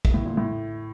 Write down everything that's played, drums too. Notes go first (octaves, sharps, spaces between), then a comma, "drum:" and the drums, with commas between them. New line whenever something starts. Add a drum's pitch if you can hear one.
drum: kick
A2
A#2
A2